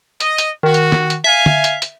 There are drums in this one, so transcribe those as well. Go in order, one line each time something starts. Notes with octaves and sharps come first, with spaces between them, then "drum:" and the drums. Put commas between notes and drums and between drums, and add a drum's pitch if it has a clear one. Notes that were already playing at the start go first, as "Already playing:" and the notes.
D#5, drum: hi-hat
drum: hi-hat
D#3 F#4
drum: hi-hat
drum: snare
drum: hi-hat
E5 F5 G#5
drum: tom
drum: hi-hat
drum: hi-hat